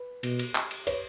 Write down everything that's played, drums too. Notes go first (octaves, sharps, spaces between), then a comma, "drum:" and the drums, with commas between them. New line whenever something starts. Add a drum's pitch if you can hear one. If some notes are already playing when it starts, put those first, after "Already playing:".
Already playing: B4
B2, drum: cymbal
drum: cymbal
drum: clap
drum: cymbal
B4 C#5, drum: cymbal